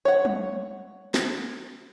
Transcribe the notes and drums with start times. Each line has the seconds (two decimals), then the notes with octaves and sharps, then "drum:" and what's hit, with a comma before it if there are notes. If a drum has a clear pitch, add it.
0.05 C#5 F#5
0.25 drum: tom F#3
1.14 drum: snare